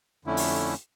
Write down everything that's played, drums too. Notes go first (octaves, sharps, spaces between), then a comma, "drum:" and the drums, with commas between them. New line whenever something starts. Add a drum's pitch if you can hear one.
F2 D3 A3 C#4 E4
drum: open hi-hat